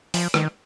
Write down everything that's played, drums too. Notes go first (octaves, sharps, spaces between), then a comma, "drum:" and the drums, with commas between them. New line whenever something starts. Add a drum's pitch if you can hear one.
F3, drum: open hi-hat
D#3, drum: rim click